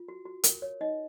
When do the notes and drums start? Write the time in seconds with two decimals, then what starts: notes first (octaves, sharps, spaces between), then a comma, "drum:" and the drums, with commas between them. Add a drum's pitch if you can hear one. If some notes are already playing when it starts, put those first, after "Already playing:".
Already playing: F4
0.08 F#4
0.25 F#4
0.44 A#4, drum: hi-hat
0.62 C#5
0.81 D#4 D#5